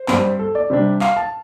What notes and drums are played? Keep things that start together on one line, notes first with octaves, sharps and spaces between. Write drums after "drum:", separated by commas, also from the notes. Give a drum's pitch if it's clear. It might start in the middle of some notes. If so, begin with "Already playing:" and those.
Already playing: C5
G2 G3 C4, drum: clap
A4
D5
C3 G3 D4
F5, drum: clap
A5